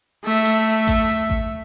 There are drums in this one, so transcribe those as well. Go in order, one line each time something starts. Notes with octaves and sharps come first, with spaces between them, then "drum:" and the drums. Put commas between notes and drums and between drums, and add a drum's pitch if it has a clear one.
A3 E5
drum: hi-hat
drum: kick A1, hi-hat
drum: kick A1